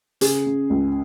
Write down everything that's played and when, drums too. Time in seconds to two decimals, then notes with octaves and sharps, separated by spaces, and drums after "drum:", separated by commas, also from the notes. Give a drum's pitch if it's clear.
0.21 C#3 G#4, drum: hi-hat
0.46 C#3
0.70 C#2